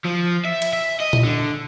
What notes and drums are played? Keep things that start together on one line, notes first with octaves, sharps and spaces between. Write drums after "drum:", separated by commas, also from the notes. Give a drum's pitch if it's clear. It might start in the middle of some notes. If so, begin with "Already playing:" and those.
F3
E5
drum: cymbal
E5
D#5
drum: tom A#2
D3